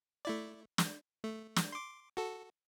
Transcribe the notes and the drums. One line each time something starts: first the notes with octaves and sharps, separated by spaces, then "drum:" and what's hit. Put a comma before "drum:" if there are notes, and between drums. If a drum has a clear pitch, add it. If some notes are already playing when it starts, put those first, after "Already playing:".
A3 E4 D5
drum: snare
A3
drum: snare
C6 D6
F#4 A4